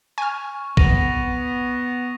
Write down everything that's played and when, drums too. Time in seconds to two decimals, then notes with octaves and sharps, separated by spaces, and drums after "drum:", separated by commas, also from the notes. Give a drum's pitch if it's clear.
0.18 G#5 C#6 F6
0.77 B3 A#6 D#7 F7, drum: kick